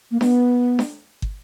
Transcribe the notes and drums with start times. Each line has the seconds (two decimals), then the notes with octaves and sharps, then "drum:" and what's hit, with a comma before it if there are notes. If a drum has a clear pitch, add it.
0.11 A#3
0.21 B3, drum: snare D4
0.79 drum: snare D4
1.22 drum: kick